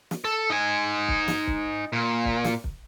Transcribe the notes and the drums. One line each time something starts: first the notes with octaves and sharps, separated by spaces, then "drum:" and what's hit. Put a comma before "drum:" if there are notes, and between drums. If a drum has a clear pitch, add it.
drum: snare
A4
D#4 G#5
drum: kick
drum: snare
drum: kick
A#2
drum: kick
drum: snare
drum: kick